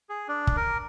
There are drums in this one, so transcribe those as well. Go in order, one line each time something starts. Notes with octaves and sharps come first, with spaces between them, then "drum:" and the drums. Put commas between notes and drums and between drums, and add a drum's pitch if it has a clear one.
G#4
D4
drum: kick
A#4